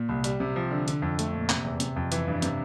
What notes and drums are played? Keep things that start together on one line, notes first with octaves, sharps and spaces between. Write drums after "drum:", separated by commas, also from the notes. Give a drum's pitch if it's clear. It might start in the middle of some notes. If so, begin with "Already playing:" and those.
Already playing: A#2
C2
G3, drum: hi-hat
C3
F3
D3
D3, drum: hi-hat
F2
A3, drum: hi-hat
A#2
C3, drum: clap
E2
C3, drum: hi-hat
F2
E3, drum: hi-hat
G2
C3, drum: hi-hat